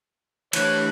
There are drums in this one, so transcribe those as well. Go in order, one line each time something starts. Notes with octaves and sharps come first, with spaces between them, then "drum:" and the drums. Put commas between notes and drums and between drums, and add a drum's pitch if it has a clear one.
E3 A3 D4 G4 C#5 F#6, drum: cymbal